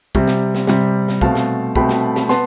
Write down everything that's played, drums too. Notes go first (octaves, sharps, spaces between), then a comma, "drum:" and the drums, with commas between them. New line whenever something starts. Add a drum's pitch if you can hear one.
C3 G3 C4, drum: kick
drum: snare
drum: snare
C3 G3 C4, drum: snare
drum: snare
B2 A3 C4 F5 A5, drum: kick
drum: snare
B2 A3 C4 G5 B5, drum: kick
drum: snare
drum: snare
B3 A5 C6, drum: snare